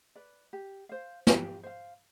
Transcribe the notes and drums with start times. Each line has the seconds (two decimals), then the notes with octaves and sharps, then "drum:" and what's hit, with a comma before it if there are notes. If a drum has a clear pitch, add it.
0.15 B4 D5
0.53 G4
0.89 C5 F5
1.27 G4, drum: snare
1.63 C5 F5